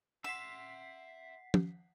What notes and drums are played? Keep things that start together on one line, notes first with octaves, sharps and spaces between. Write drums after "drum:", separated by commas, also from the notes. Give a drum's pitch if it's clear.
E5 F#5 C6 E6 B6 C7
drum: tom